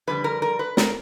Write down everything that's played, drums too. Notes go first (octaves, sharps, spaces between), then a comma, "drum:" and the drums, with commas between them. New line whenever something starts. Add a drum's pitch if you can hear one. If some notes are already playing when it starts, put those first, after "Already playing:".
F2 D3 G3 B4
A#4
A#4
B4
A#4, drum: snare